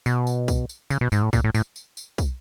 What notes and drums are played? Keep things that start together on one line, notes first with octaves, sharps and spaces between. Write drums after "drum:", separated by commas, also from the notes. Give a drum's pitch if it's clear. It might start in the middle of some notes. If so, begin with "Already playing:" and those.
B2, drum: tambourine
drum: tambourine
drum: kick, tambourine
drum: tambourine
C#3, drum: tambourine
B2
G#2, drum: tambourine
A2
A#2, drum: kick, tambourine
A2
A2, drum: tambourine
drum: tambourine
drum: tambourine
drum: kick, tambourine